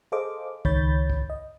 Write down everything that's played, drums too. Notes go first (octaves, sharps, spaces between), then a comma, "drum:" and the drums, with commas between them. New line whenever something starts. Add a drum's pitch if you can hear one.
G#4 A4 C5 D#5 F5 D6
C#2 D#3 C#5 B5 G6 A6, drum: kick
drum: kick
D#5